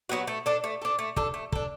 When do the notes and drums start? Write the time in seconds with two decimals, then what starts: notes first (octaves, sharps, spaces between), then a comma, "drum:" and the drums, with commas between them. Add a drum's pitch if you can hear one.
0.09 F#3 B3 F#4
0.27 A3
0.46 D4 A4
0.64 A3
0.82 D4 A4
0.99 A3
1.16 D4 A4, drum: kick
1.34 A3
1.52 D4 A4, drum: kick